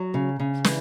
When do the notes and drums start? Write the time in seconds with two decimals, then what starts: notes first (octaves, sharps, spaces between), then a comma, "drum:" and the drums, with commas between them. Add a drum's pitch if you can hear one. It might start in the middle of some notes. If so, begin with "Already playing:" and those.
Already playing: F#3
0.14 C#3
0.40 C#3
0.64 E3, drum: snare